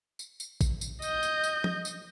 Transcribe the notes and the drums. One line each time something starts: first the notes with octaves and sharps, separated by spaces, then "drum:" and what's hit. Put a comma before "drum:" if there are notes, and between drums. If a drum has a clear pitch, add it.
drum: tambourine
drum: tambourine
drum: kick A1, tambourine
drum: tambourine
D#5 G6, drum: tambourine
drum: tambourine
drum: tambourine
drum: tom F3
drum: tambourine